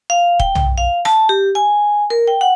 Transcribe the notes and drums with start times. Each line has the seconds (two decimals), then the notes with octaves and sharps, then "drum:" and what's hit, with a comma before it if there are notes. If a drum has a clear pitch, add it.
0.10 F5
0.40 G5, drum: kick D#1
0.55 drum: tom B1
0.78 F5
1.05 A5, drum: rim click
1.29 G4
1.55 G#5
2.10 A#4
2.28 G5
2.41 F#5